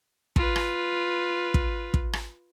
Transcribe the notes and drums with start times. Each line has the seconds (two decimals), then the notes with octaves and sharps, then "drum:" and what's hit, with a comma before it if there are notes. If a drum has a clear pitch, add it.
0.36 F4 B4, drum: kick
0.56 drum: rim click
1.54 drum: kick
1.94 drum: kick
2.13 drum: rim click